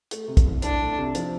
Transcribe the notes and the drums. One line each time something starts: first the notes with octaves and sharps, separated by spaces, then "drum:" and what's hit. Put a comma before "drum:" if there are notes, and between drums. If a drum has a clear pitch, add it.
A3, drum: hi-hat
C3
drum: kick, hi-hat
C2
C2 D4, drum: hi-hat
A3
C3
F3, drum: hi-hat